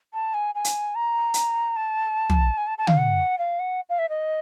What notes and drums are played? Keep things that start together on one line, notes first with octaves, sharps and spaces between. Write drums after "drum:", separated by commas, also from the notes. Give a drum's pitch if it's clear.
A5
G#5
G#5
drum: hi-hat
A#5
drum: hi-hat
A5
drum: tom
G#5
A5
A5
F5, drum: tom
F#5
F5
F#5
F5
E5
D#5